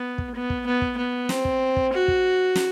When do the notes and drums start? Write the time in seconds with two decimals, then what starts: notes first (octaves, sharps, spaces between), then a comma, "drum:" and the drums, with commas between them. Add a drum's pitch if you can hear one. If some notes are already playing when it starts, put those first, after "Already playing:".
Already playing: B3
0.18 drum: kick
0.35 B3
0.50 drum: kick
0.66 B3
0.82 drum: kick
0.97 B3
1.29 C4, drum: snare
1.45 drum: kick
1.76 drum: kick
1.93 F#4
2.08 drum: kick
2.56 drum: snare